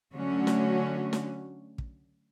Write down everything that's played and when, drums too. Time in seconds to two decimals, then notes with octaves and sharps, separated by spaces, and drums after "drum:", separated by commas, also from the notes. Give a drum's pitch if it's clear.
0.14 D3 F#3 A3 C#4 F#4
0.47 drum: snare
1.13 drum: snare
1.78 drum: kick